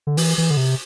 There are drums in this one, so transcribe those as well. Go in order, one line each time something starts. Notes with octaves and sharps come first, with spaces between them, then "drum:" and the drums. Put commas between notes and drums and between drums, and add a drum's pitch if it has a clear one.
D3
E3, drum: open hi-hat
E3
D3
C3